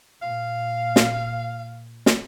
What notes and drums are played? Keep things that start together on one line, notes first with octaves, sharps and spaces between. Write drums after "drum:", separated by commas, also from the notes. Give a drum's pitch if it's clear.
A#2 F5
drum: snare
drum: snare